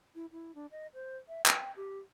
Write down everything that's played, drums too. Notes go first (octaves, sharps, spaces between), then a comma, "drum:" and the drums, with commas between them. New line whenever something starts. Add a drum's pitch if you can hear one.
E4
E4
D4
D#5
C5
E5
G5, drum: clap
G4